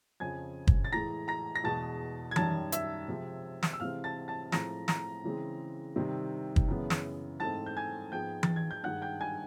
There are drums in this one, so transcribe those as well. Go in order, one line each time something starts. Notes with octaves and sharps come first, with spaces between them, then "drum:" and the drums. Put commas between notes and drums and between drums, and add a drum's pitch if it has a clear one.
F2 C#3 F3 G#5 G#6
drum: kick
A6
A2 E3 G#3 A#5 A#6
A#5 A#6
A#6
E2 B2 G#3 A5 A6
G#6
F#2 D#3 G3 A5 A6, drum: tom E3
E5 E6, drum: hi-hat
C3 F3 G#3 C4
drum: snare
E6
C3 E3 G#3 C4 F5 F6
A5 A6
A5 A6
A2 F3 G#3 C4 A#5 A#6, drum: snare
A#5 A#6, drum: snare
C#3 E3 G#3 C4
C3 D#3 G3 C4
drum: kick
F#2 C#3 E3 G#3 B3
drum: snare
G#2 E3 A3 C4 A5 A6
G6
G#5 G#6
G#2 F3 G#3 B3 G5 G6
A6, drum: tom E3
G#6
G6
G2 D#3 G#3 F#5 F#6
G5 G6
G#5 G#6